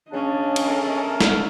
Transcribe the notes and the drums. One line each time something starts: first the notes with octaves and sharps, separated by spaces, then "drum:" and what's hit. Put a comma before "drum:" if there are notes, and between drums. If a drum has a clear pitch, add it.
C#3 C#4 D4 D#5
drum: cymbal
A4 A#4 E5
drum: snare